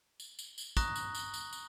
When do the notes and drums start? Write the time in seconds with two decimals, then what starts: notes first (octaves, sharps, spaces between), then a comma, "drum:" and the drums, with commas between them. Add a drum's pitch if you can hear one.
0.20 drum: tambourine
0.39 drum: tambourine
0.58 drum: tambourine
0.77 A#5 C#6 D#6 F#6 A#6, drum: kick, tambourine
0.96 drum: tambourine
1.15 drum: tambourine
1.34 drum: tambourine
1.53 drum: tambourine